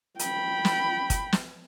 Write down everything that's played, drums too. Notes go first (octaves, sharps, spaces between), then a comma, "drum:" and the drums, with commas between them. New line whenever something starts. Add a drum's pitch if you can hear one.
G5 B5, drum: hi-hat
drum: snare
drum: kick, hi-hat
drum: snare